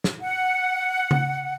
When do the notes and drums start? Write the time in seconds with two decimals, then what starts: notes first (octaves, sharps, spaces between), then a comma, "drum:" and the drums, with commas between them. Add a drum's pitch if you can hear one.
0.04 drum: snare
0.21 F#5
1.11 drum: tom C#3